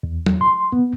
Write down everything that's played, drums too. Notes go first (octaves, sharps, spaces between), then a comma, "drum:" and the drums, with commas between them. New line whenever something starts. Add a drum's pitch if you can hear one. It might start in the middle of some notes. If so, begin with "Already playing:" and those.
E2
drum: tom
C6
B3